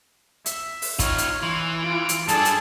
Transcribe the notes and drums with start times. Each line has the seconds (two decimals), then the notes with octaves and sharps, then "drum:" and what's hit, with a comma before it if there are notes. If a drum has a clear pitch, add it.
0.46 E5, drum: hi-hat
0.82 drum: open hi-hat
0.99 D#4 F4 C#5 F6, drum: kick, hi-hat
1.18 drum: hi-hat
1.43 E3 C6
1.81 F4 D7
2.09 drum: hi-hat
2.28 G2 D4 G#4 A4 A5, drum: hi-hat
2.45 drum: hi-hat